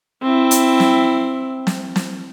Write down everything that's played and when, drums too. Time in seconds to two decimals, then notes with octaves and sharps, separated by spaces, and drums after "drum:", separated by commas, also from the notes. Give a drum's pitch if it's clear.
0.22 C4 E4
0.51 drum: hi-hat
0.80 drum: snare
1.67 drum: snare
1.96 drum: snare